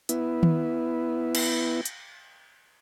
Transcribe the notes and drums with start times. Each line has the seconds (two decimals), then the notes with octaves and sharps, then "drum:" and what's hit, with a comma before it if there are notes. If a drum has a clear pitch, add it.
0.09 B3 E4, drum: hi-hat
0.43 drum: tom D#3
1.35 drum: cymbal
1.85 drum: hi-hat